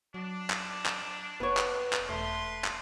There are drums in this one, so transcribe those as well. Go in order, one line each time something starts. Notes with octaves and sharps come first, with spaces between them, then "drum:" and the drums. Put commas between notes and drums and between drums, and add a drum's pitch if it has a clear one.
F#3 D4
drum: clap
drum: clap
F1 B3 C#5
drum: clap
drum: clap
E1 A3 B4 C6
drum: clap